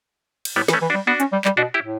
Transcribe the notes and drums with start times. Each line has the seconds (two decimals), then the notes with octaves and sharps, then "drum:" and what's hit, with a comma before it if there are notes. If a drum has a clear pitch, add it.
0.45 drum: cymbal
0.56 A2 G3 B3
0.68 E3, drum: snare
0.73 A3 C#4
0.82 E3
0.90 D4 F#4
0.94 G3
1.07 B3 D4 F#4
1.20 C#4, drum: hi-hat
1.32 G3
1.45 G3, drum: clap
1.57 B2 D4 F#4
1.74 E4 G4
1.83 A2